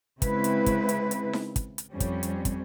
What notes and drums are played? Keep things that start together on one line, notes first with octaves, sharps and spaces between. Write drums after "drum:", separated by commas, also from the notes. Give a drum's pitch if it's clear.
C#3 G#3 C4 E4 B4, drum: kick, hi-hat
drum: hi-hat
drum: kick, hi-hat
drum: hi-hat
drum: hi-hat
drum: snare D#4
drum: kick, hi-hat
drum: hi-hat
F2 G3 C4 C#4
drum: kick, hi-hat
drum: hi-hat
drum: kick, hi-hat